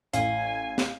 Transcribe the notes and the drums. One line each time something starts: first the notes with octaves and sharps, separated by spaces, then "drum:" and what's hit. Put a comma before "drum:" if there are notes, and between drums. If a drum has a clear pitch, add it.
A1 F5 G#5, drum: hi-hat
drum: snare